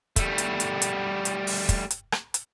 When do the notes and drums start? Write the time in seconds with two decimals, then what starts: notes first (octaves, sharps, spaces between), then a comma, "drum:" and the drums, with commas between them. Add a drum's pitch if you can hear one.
0.16 G3 A3, drum: kick, hi-hat
0.38 drum: hi-hat
0.60 drum: hi-hat
0.82 drum: hi-hat
1.25 drum: hi-hat
1.47 drum: open hi-hat
1.69 drum: kick, hi-hat
1.90 drum: hi-hat
2.12 drum: rim click
2.34 drum: hi-hat